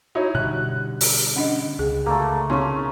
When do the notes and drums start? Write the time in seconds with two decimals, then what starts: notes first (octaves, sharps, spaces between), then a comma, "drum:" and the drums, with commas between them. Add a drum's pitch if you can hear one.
0.15 D#4 E4 F#4 C#5
0.35 B2 D3 G3 F#6
1.01 drum: open hi-hat
1.36 C#4 D4 D#5 F#5
1.79 C#2 G#4
2.06 D2 A3 A#3
2.50 C#3 C#4 C6 C#6